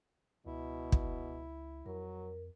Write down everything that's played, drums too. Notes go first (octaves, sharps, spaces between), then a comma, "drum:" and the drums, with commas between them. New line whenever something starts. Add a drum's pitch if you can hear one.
C#2 B2 E4
drum: kick
F2 F#3 A#4